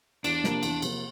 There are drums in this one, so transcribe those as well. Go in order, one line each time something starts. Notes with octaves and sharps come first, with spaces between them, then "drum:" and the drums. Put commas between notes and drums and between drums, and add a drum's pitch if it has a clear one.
E2 D4, drum: cymbal
C3 F3 A#3, drum: snare
E2, drum: cymbal
C3 F3 A#3, drum: cymbal